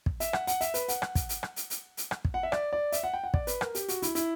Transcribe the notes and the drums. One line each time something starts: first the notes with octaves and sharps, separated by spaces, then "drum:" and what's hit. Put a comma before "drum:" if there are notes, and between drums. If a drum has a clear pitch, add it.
drum: kick
E5, drum: hi-hat
F#5, drum: rim click
F#5, drum: hi-hat
E5, drum: hi-hat
B4, drum: hi-hat
F#5, drum: hi-hat
drum: rim click
drum: kick, hi-hat
drum: hi-hat
drum: rim click
drum: hi-hat
drum: hi-hat
drum: hi-hat
drum: rim click
drum: kick
F#5
E5
D5, drum: rim click
D5
E5, drum: hi-hat
F#5
G5
F#5
D5, drum: kick
B4, drum: hi-hat
A#4, drum: rim click
G4, drum: hi-hat
F#4, drum: hi-hat
E4, drum: hi-hat
E4, drum: hi-hat